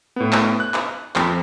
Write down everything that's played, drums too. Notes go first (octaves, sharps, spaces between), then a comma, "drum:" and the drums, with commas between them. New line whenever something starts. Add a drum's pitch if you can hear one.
A2 B3
drum: clap
F#6
drum: clap
F2, drum: clap